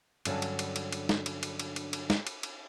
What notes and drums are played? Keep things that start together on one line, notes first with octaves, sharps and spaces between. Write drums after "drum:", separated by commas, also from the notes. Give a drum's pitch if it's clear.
G2 D3 F#3 C#4, drum: cymbal
drum: cymbal
drum: cymbal
drum: cymbal
drum: cymbal
drum: snare
drum: cymbal
drum: cymbal
drum: cymbal
drum: cymbal
drum: cymbal
drum: snare
drum: cymbal
drum: cymbal